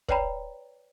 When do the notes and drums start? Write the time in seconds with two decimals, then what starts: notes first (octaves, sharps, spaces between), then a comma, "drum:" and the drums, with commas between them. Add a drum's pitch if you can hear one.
0.09 B4 C#5 D5 G5 A#5 B5, drum: kick